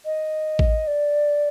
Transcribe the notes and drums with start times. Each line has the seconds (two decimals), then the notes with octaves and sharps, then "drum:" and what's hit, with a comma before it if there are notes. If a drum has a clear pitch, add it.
0.05 D#5
0.59 drum: kick A1
0.87 D5